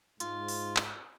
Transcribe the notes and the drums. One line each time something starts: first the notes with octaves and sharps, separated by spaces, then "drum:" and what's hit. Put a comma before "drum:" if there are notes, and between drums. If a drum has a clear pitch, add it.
G#2 F4, drum: hi-hat
drum: open hi-hat
drum: clap